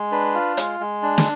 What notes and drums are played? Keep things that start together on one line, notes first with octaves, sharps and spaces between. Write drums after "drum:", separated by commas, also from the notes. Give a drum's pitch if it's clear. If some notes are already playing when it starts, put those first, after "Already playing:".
Already playing: G#3
D4 B4
F4
G#3, drum: hi-hat
G#3
D4
drum: snare